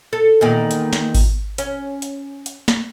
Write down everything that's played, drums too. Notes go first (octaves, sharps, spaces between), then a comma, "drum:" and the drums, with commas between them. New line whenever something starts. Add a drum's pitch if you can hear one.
A4
E2 A#2 D#3
drum: hi-hat
drum: snare
drum: kick G#1, open hi-hat
C#4, drum: hi-hat
drum: hi-hat
drum: hi-hat
drum: snare